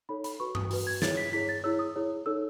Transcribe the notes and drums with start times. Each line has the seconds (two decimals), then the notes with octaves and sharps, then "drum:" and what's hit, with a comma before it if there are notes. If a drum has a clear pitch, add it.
0.09 D#4 A4 C#5 B5
0.24 B5, drum: hi-hat
0.40 F#4 B4 C#6
0.55 D#6, drum: tom G2
0.71 F#4 B4, drum: open hi-hat
0.87 G#6
1.02 E4 G#4 C#5 A6, drum: snare
1.17 B6
1.33 E4 G#4 C#5 B6
1.49 A6
1.64 E4 G#4 C#5 E6
1.79 D#6
1.96 E4 G#4 C#5
2.26 D#4 A4 C#5 E6